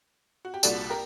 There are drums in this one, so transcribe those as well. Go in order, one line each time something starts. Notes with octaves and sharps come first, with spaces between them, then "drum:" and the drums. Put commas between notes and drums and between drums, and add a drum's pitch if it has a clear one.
F#4
G4
C2 A#2 G3 D4 F#4 A4, drum: tambourine
G4 A#4